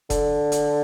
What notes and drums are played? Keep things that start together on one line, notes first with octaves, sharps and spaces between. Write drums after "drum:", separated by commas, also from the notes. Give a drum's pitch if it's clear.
D3, drum: kick F1, hi-hat
drum: hi-hat